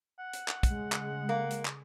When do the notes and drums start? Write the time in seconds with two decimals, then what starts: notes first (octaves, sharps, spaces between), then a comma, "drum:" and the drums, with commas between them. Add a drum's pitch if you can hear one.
0.19 F#5
0.33 drum: hi-hat
0.48 drum: clap
0.63 C#3 G#3, drum: kick, hi-hat
0.92 drum: clap
1.29 A#3
1.51 drum: hi-hat
1.65 drum: clap